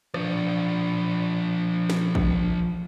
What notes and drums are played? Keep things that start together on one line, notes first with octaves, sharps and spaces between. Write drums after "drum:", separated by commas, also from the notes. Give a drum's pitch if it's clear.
F3 D4, drum: rim click
drum: snare
drum: kick